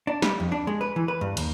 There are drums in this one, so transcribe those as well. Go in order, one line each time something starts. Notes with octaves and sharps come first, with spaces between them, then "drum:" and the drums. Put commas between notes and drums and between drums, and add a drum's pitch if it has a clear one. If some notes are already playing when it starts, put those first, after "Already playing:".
D4
G3, drum: snare
F2
D4
G#3
B4
E3
B4
G2
D#2, drum: cymbal